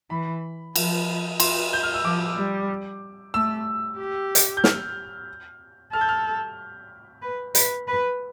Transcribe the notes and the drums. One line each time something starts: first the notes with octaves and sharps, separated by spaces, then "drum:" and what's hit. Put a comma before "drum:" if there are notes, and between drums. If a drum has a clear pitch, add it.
E3 B5
F3, drum: cymbal
C6, drum: cymbal
G6
F6
E6
F3 D6
G3
A3 E6
G4
drum: hi-hat
G6
F6, drum: snare
A4 F6
G6
F6
B4
B4, drum: hi-hat
B4